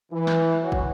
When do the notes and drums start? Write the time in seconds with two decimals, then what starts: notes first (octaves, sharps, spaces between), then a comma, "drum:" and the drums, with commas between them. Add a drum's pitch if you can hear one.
0.12 E3
0.27 drum: snare
0.63 F#4 C#5
0.72 drum: kick